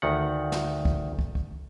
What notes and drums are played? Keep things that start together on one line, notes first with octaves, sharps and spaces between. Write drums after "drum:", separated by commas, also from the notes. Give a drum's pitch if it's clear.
D2 D#3 F#5
drum: snare
drum: kick
drum: kick
drum: kick